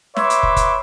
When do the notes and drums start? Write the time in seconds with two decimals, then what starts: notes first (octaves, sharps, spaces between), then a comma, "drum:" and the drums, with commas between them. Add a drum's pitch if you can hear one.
0.17 B4 C#5 E5 C6 D6, drum: snare
0.30 drum: hi-hat
0.43 drum: kick
0.56 drum: kick, hi-hat